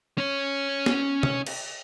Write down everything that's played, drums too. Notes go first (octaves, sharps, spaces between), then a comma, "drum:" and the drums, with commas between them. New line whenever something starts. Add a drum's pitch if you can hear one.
C#4 C#5
drum: snare
drum: tom C3
drum: cymbal